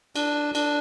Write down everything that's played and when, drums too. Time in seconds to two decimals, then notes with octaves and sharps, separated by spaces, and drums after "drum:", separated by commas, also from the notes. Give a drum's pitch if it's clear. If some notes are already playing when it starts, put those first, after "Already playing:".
0.16 D4, drum: cymbal
0.55 D4, drum: cymbal